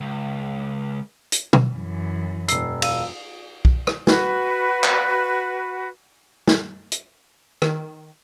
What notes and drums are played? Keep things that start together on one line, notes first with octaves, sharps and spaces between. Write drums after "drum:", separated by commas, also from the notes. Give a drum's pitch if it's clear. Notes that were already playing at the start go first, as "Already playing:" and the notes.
C#2
drum: hi-hat
drum: tom
F#2 E3
E1 E6 C7, drum: hi-hat
F5 E6 D#7, drum: cymbal
drum: kick
drum: rim click
F#4 B4, drum: snare
drum: clap
drum: snare
drum: hi-hat
D#3, drum: rim click